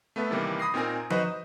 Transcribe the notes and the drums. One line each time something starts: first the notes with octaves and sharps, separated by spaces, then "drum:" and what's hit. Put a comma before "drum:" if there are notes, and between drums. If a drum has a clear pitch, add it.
A3 B3 B4 E5 A5
C3 D#3 E3 G3 A#3
B5 D#6 A#6 C7
A#2 C4 D#4 A#4 G#5 A#6
D#4 F#4 B4 C5 D#5, drum: tom F3
D#5